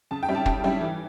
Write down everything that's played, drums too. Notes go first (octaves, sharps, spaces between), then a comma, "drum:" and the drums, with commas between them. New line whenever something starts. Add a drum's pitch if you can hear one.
C#3 A5
G5
G3 C#4 E4
A5
C#3 G5, drum: kick
G3 C#4 E4
E3